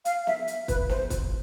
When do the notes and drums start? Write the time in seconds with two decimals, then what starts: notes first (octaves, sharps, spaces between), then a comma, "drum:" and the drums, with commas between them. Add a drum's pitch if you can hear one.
0.05 F5, drum: hi-hat
0.27 E5, drum: snare
0.48 drum: hi-hat
0.68 B4, drum: kick, hi-hat
0.89 C5, drum: snare
1.10 drum: kick, hi-hat